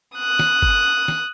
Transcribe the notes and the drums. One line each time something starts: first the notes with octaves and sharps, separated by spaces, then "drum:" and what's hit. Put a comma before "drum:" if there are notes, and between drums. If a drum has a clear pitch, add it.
D#6 F#6
drum: snare
drum: kick G1
drum: snare